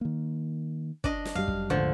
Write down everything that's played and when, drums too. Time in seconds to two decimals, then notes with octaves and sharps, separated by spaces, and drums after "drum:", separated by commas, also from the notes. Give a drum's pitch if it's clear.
0.01 D#3 A#3
1.04 D4 D#5, drum: kick
1.25 drum: snare
1.35 F#2 G3 F5
1.48 drum: kick
1.70 D#1 D2 G#2 D3 F3